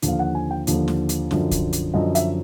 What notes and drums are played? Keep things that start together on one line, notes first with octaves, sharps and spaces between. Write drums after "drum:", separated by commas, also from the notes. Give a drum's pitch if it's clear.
D#2 D3 F3, drum: hi-hat
F5
F#5
G#5
G5
D#2 D3 F3, drum: hi-hat
drum: snare
drum: hi-hat
F#2 D3 F3, drum: snare
drum: kick C2, hi-hat
drum: hi-hat
F#2 D3 F3 D#5
E5, drum: hi-hat